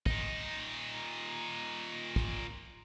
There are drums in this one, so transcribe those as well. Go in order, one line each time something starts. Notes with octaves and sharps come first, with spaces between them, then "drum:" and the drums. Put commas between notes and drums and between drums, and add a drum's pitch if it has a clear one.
A#2 D#4, drum: kick
drum: kick